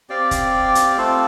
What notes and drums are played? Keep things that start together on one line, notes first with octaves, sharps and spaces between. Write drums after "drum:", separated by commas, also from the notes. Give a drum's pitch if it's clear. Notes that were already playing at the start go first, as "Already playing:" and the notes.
C4 G4 D5 F5
drum: kick E1, hi-hat
drum: hi-hat
A3 C4 F4 A4